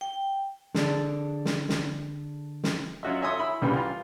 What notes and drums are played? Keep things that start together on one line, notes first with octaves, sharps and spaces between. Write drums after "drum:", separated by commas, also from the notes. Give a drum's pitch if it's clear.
G5
D3 G#4 A4 D5, drum: snare
drum: snare
drum: snare
drum: snare
F#3 C#4 F4 F#4 D#5 E5
C#5 E5 G#5 C6 D#6
E4 B5 E6
C2 A#2 C#3 E3 G3 G5
F4